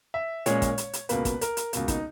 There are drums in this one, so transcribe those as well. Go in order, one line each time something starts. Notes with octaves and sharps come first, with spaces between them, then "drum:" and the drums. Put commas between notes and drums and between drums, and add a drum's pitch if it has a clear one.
E5
A#2 G#3 C#4 C#5, drum: hi-hat
drum: kick, hi-hat
drum: hi-hat
drum: hi-hat
C#2 B2 A#3 B4, drum: hi-hat
drum: kick, hi-hat
A#4, drum: hi-hat
drum: hi-hat
C#2 B2 A#3, drum: hi-hat
D#4, drum: kick, hi-hat